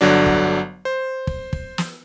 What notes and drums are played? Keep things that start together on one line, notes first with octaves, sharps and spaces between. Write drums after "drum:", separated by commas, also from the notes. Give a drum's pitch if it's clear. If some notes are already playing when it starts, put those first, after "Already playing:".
G1 D3 F#3 D4
drum: kick
C5
drum: kick
drum: kick
drum: snare